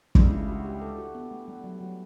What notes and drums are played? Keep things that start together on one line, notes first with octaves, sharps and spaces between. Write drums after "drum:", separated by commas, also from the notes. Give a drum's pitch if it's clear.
C#2 C#3 G3 D4, drum: kick
E4
F#4
G4
A4
F#4
B3
A3
G3
F#3
F#3